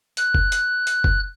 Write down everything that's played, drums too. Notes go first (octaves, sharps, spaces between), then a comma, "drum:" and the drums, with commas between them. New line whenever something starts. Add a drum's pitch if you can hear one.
F#6, drum: hi-hat
drum: kick F#1
drum: hi-hat
drum: hi-hat
drum: kick F#1